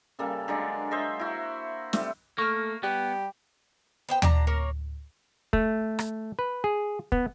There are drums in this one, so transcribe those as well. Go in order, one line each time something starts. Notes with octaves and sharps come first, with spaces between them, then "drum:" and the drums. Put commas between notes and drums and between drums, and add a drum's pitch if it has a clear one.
C#3 G3 A#3 A4
D3 F#3 G#3 D4
C5 D#5 E5 A#5
E4 F#4
G3 A3 C4, drum: snare
A3 A#3 C#6 F6
G3 B3 G4
B3 C5 G5
D3 D4 A#5, drum: tom
A#3 A#4 C#5
A3, drum: kick
drum: rim click
B4
G#4
B3, drum: kick